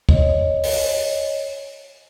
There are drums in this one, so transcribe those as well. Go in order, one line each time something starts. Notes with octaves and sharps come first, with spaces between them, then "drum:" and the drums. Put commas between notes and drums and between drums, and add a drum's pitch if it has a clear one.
C#5 D#5, drum: kick
drum: open hi-hat